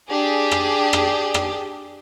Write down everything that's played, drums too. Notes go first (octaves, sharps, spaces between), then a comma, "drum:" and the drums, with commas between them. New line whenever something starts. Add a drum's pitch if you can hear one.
D4 G4 G#4
drum: rim click
drum: rim click
drum: rim click